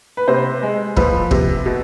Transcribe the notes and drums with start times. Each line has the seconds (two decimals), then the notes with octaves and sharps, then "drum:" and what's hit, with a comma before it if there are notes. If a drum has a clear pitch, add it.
0.17 B4
0.28 C3 C5
0.63 G#3
0.96 F3 B4, drum: kick
1.31 C3, drum: kick
1.66 B2